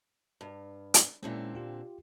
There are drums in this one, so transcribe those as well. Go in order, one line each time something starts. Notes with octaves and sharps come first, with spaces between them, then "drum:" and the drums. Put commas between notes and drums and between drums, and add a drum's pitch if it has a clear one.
G2
drum: hi-hat
A#2 D3 G#3 C4 C#4 E4
F4 G4